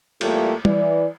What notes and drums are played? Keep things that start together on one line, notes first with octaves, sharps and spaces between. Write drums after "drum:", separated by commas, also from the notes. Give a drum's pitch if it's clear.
E2 G3 A3 A#3 F4 G4, drum: cymbal
E3 D5, drum: tom G3